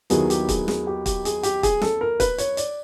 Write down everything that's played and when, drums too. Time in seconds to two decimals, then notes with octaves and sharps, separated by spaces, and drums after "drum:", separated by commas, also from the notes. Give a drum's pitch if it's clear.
0.10 D#2 D#3 F#3 B3 E4 G#4, drum: hi-hat
0.30 G4, drum: hi-hat
0.49 G#4, drum: kick, hi-hat
0.68 G#4, drum: snare
0.87 G4
1.06 G4, drum: kick, hi-hat
1.25 G#4, drum: hi-hat
1.43 G4, drum: hi-hat
1.63 G#4, drum: kick, hi-hat
1.81 A4, drum: snare
2.01 A#4
2.20 B4, drum: kick, hi-hat
2.38 C#5, drum: hi-hat
2.57 D5, drum: hi-hat